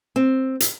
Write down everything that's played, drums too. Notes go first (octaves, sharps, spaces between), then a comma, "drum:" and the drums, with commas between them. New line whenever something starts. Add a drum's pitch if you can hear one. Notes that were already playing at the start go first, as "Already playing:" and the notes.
C4
drum: hi-hat